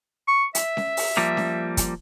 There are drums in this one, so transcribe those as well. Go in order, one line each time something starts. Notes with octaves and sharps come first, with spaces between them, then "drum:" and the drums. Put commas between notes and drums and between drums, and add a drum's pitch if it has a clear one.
C#6
E5, drum: hi-hat
drum: snare C#4
drum: open hi-hat
F3 G3 A#3
drum: snare C#4
drum: kick, hi-hat